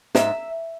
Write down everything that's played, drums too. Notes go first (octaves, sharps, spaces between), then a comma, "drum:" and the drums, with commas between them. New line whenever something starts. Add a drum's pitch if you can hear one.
G#2 E5, drum: snare